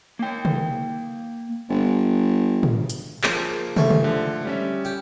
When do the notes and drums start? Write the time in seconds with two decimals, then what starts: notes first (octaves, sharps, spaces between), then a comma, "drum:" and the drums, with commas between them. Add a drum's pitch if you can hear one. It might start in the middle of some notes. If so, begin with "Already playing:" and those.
0.19 A#3 G5
0.45 drum: tom
1.70 G1
2.63 drum: tom
2.90 drum: hi-hat
3.24 F3 A#3 G#4 A#4 D5, drum: clap
3.77 G#2 C#3 G3 A3 G#5, drum: tom
3.90 drum: tom
4.03 D3 F3
4.45 G3 C#4 E5
4.85 G4